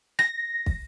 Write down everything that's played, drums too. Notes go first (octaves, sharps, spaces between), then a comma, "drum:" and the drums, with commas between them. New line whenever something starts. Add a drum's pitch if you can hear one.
A#6, drum: rim click
drum: kick